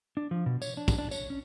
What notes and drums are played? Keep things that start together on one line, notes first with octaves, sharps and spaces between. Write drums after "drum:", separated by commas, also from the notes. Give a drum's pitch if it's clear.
D4
F3
B2
C#5, drum: tambourine
D4
drum: kick, tambourine
D4
C#5, drum: tambourine
C#4